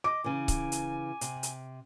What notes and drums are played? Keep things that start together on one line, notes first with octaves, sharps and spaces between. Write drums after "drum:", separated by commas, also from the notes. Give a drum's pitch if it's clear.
D#5 D6
C#3 E3 G#5
drum: kick C#1, hi-hat
drum: hi-hat
C3, drum: hi-hat
drum: hi-hat